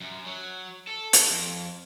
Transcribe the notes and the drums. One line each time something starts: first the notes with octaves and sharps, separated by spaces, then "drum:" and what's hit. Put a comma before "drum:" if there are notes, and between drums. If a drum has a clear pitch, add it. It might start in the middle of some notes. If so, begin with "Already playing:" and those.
F#2
F#3
A4
drum: hi-hat
F2